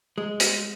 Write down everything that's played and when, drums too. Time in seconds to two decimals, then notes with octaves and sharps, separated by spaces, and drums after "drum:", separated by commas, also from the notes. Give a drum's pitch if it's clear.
0.18 G#3
0.40 drum: hi-hat